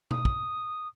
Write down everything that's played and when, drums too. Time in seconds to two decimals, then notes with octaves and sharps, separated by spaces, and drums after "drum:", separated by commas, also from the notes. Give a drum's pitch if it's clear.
0.11 D#6, drum: tom B2
0.25 drum: kick